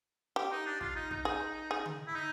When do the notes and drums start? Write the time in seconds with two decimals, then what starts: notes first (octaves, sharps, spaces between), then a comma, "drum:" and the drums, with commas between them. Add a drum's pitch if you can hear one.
0.36 G4
0.52 D#4
0.66 D4
0.81 F4, drum: kick
0.96 D#4
1.11 D#4, drum: kick
1.25 G#4
1.71 G#4
1.86 drum: tom D3
2.07 E4
2.15 D#4